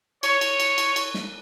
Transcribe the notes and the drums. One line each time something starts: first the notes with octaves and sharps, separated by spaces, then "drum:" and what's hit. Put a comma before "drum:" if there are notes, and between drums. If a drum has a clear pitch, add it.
C#5, drum: cymbal
drum: cymbal
drum: cymbal
drum: cymbal
drum: cymbal
drum: snare